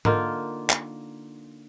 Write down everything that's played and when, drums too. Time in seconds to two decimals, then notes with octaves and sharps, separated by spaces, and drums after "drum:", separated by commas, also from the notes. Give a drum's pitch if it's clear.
0.05 D3 A#3 D#4 F4, drum: tom G#2
0.70 drum: clap